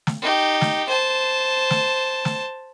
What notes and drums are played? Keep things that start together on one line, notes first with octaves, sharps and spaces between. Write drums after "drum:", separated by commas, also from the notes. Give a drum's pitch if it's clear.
drum: snare
D#4 G4
drum: snare
C5 A5
drum: snare
drum: snare